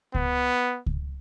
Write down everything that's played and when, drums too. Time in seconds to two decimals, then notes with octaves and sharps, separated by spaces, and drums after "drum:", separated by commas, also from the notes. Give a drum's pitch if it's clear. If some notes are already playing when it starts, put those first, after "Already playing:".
0.15 B3, drum: kick C#2
0.86 drum: kick C#2